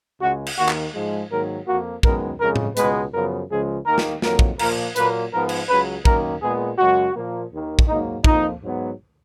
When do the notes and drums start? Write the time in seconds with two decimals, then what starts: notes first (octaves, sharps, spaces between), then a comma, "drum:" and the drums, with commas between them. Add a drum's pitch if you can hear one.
0.20 C#2 C#3 G#3 F#4
0.47 drum: cymbal
0.57 D#2 D#3 A#3 F#4
0.69 drum: clap
0.94 G#2 F3 G#3
1.30 G#2 D#3 F#3 A#3 A#4
1.67 F2 F3 A#3 F#4
2.03 F#2 D#3 G#3 B3 A#4, drum: kick
2.40 F2 C#3 G#3 A#4
2.56 drum: tom A2
2.77 C#2 B2 G#3 B3 B4, drum: hi-hat
3.13 F#2 C#3 F3 B3 A#4
3.50 C#2 C#3 F3 G#3 G#4
3.86 D#2 D#3 A#3 A#4
3.98 drum: snare
4.22 F2 D#3 F#3 A#3 A#4, drum: snare
4.39 drum: kick
4.59 A#2 F3 A#3 A#4, drum: cymbal
4.96 A#2 F#3 A#3 B4, drum: hi-hat
5.33 G#2 F3 B3 A#4
5.49 drum: cymbal
5.69 C#2 C#3 F#3 B4
6.05 F#2 D#3 A#3 A#4, drum: kick
6.42 A#2 G#3 B3 G#4
6.79 F#2 C#3 G#3 F#4
7.16 A#2 F3 A#3
7.51 D#2 D#3 A#3
7.79 drum: kick
7.88 G#2 F#3 A#3 D#4
8.24 F2 F3 A#3 D#4, drum: kick
8.62 G#2 F#3 B3